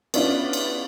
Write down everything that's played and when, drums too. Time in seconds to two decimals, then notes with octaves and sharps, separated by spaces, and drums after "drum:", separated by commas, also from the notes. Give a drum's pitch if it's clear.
0.14 B3 C#4 D4 E4 F4, drum: cymbal
0.53 drum: cymbal